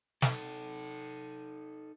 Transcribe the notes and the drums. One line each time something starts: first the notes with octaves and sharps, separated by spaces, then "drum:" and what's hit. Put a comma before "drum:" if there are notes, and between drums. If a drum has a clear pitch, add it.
D#4 A4, drum: snare